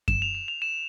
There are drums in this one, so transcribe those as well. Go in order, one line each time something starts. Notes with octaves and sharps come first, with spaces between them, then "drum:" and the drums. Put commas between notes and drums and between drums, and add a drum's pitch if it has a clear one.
E7, drum: kick F#2
F7
E7
F7
E7